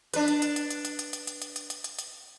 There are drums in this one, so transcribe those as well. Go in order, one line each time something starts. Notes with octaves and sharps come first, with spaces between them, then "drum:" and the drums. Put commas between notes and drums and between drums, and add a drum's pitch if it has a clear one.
D4 B4, drum: hi-hat
drum: hi-hat
drum: hi-hat
drum: hi-hat
drum: hi-hat
drum: hi-hat
drum: hi-hat
drum: hi-hat
drum: hi-hat
drum: hi-hat
drum: hi-hat
drum: hi-hat
drum: hi-hat
drum: hi-hat